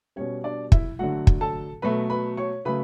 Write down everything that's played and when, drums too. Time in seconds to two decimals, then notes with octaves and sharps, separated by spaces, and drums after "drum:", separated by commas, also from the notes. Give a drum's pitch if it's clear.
0.16 B2 G3 C#4 C#5
0.44 D4 D5
0.72 E4 E5, drum: kick
0.99 D3 F#3 A3 F#4 F#5
1.27 drum: kick
1.41 A4 A5
1.82 B2 F#3 A3 B4 B5
2.10 B4 B5
2.37 C#5 C#6
2.65 C#3 F#3 A3 B4 B5